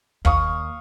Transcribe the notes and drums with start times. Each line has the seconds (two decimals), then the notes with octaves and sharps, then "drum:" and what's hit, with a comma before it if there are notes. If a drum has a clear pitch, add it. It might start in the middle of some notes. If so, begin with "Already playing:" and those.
0.25 D#2 F5 C#6 D#6, drum: kick